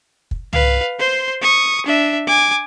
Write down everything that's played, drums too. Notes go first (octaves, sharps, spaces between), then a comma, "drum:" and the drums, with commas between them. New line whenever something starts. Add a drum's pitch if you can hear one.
drum: kick
B4 F5, drum: tom
C5 C6
C#6 D#6
D4 E5
G#5 D6